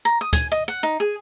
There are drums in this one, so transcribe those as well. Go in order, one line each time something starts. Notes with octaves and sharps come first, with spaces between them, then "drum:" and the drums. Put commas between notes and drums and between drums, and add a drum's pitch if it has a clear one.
A#5
D#6
G#5, drum: kick D2, hi-hat
D#5
F#5
D#4
G#4